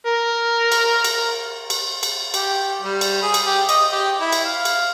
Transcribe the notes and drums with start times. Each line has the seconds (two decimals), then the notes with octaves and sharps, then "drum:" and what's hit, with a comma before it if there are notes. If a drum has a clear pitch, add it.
0.06 A#4
0.72 drum: cymbal
1.04 drum: cymbal
1.70 drum: cymbal
2.03 drum: cymbal
2.34 G4, drum: cymbal
2.81 G3
3.01 drum: cymbal
3.22 G#4
3.34 drum: cymbal
3.46 G4
3.69 D#5, drum: cymbal
3.92 G4
4.20 E4
4.32 drum: cymbal
4.45 F5
4.65 drum: cymbal